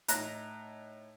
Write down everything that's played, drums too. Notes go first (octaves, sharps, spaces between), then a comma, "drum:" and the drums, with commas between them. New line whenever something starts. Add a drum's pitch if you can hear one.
A2 D#4 A#5 F#6, drum: hi-hat